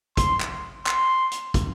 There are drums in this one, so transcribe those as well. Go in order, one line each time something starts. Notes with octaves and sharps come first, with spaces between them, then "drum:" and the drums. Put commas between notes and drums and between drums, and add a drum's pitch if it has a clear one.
C6, drum: kick, hi-hat
drum: clap
C6, drum: clap
drum: hi-hat
drum: kick, hi-hat